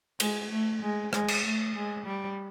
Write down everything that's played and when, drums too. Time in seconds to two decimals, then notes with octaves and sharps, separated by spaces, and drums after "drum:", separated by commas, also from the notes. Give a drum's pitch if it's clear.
0.20 G#3, drum: cymbal
0.51 A3
0.82 G#3
1.13 G#3, drum: rim click
1.28 drum: cymbal
1.45 A3
1.75 G#3
2.06 G3